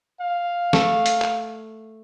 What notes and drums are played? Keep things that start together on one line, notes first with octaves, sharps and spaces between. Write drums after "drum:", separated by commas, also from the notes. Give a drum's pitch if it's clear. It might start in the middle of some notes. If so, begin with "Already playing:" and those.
F5
A3, drum: snare
drum: hi-hat
drum: clap